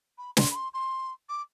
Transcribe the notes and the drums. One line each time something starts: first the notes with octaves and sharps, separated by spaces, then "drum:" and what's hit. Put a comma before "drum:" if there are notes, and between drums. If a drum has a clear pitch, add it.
B5
C6, drum: snare
B5
C6
C6
D6